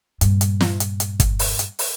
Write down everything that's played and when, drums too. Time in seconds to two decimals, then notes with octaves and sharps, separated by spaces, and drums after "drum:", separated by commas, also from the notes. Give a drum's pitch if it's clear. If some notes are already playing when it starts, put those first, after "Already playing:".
0.21 G2 A#2, drum: hi-hat
0.41 drum: hi-hat
0.61 drum: snare
0.80 drum: hi-hat
1.00 drum: hi-hat
1.20 drum: kick, hi-hat
1.39 drum: open hi-hat
1.59 drum: hi-hat
1.79 drum: open hi-hat